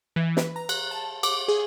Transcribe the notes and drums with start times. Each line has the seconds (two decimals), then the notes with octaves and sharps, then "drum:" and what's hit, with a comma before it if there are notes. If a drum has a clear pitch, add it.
0.16 E3
0.37 B4, drum: snare
0.56 A#5
0.69 F#6, drum: cymbal
0.91 A5
1.23 D6, drum: cymbal
1.48 G#4